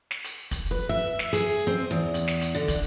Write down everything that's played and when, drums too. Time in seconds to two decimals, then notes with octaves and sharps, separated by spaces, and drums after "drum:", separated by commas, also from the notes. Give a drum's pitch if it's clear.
0.11 drum: snare
0.24 drum: hi-hat
0.51 drum: kick, hi-hat
0.71 B4
0.89 E5
1.19 drum: snare
1.33 G#4, drum: hi-hat
1.67 C4
1.91 E2
2.14 drum: hi-hat
2.28 drum: snare
2.41 drum: hi-hat
2.55 D3
2.68 drum: kick, hi-hat